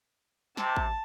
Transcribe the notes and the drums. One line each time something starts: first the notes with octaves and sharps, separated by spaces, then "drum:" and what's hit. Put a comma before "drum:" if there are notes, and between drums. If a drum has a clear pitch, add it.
C3 A5, drum: snare
drum: kick A1